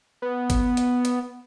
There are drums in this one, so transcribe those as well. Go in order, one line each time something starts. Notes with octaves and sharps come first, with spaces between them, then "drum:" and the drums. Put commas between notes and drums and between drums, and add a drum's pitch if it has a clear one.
B3
drum: kick G#1, hi-hat
drum: hi-hat
drum: hi-hat